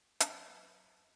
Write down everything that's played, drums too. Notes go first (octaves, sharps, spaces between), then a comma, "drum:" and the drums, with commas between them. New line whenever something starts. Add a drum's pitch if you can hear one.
F#2 B4, drum: hi-hat